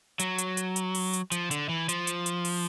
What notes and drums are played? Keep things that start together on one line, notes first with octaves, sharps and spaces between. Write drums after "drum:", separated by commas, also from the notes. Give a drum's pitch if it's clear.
F#3, drum: hi-hat
drum: hi-hat
drum: hi-hat
drum: hi-hat
drum: open hi-hat
drum: hi-hat
F3, drum: hi-hat
D3, drum: hi-hat
E3
F3, drum: hi-hat
drum: hi-hat
drum: hi-hat
drum: open hi-hat